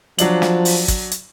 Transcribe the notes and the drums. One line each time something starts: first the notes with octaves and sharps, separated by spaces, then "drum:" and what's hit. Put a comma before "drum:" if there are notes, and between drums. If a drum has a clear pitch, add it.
F3 F#3 D4 F#7, drum: hi-hat
drum: snare
drum: open hi-hat
drum: kick, hi-hat
drum: hi-hat